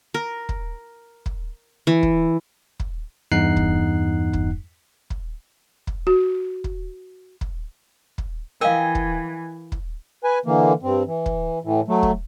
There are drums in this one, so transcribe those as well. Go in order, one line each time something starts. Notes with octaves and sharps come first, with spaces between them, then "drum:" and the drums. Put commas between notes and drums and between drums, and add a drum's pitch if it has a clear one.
A#4
drum: kick
drum: kick
E3
drum: kick
drum: kick
E2 G2 D#4 F#5 F#6 C7
drum: kick
drum: kick
drum: kick
drum: kick
F#4
drum: kick
drum: kick
drum: kick
E3 A#4 D#5 F5 G5 G#5
drum: kick
drum: kick
B4 G#5
D3 E3 A#3
G2 C4
E3
drum: kick
A2 E3
F#3 A3
drum: kick